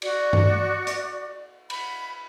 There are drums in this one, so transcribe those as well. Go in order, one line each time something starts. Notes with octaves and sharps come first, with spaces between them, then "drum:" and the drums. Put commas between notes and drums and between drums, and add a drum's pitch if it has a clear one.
F#4 D5, drum: cymbal
drum: tom G2
drum: hi-hat
B5, drum: cymbal